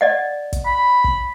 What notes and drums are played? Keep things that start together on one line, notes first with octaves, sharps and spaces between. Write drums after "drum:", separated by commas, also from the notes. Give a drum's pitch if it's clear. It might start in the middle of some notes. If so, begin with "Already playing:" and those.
D5 D#5 F#5
drum: kick, hi-hat
B5
drum: kick